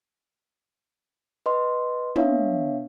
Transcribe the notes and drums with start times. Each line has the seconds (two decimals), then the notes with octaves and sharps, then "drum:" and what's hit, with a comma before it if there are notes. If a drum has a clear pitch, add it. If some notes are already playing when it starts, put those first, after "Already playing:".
1.46 B4 D#5 C6
2.16 B3 D4 C#5 E5 F5, drum: tom